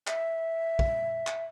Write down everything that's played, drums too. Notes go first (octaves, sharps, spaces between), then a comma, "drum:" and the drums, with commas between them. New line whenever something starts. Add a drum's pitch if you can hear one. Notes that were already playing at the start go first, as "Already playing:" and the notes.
E5, drum: clap
drum: kick
drum: clap